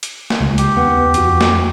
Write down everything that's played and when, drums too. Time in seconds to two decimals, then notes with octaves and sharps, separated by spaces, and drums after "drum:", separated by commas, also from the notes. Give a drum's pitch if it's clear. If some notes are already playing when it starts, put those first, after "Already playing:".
0.03 drum: hi-hat
0.30 drum: snare
0.40 C#2
0.58 G4, drum: hi-hat
0.77 D#2 B3 F#5
1.14 F2 F#4, drum: hi-hat
1.41 drum: snare